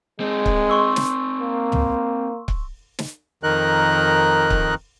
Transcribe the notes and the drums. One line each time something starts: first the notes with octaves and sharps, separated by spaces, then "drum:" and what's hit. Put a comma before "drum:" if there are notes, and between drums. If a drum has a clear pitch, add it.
G#3 C4 D#4
drum: kick C#1
C6 C#6 E6
drum: snare
A#3
drum: tom
drum: kick C#1
drum: snare
F2 D#3 D#4 A#4 F#6
drum: kick C#1